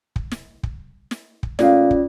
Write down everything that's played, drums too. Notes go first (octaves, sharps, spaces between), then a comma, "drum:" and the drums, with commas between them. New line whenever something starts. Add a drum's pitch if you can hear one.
drum: kick
drum: snare
drum: kick
drum: snare
drum: kick
A#2 A3 C#4 F4 D5 F5, drum: snare
drum: kick